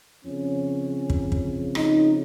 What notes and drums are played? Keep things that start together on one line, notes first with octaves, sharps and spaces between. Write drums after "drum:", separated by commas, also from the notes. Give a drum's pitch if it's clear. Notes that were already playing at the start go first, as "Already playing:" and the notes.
F2 C#3 C#4
drum: kick
drum: kick
D#4, drum: rim click